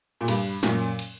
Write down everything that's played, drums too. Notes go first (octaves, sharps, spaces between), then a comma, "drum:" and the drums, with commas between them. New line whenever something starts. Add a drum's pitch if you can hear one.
A#2
G2, drum: cymbal
F#2 A#2, drum: snare
drum: cymbal